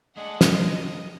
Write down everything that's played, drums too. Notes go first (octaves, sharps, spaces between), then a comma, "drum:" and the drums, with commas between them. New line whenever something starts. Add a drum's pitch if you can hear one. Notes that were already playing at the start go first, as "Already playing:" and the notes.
G#3 A3 D4 G#4 F#5
drum: snare
D#2 D3 D#5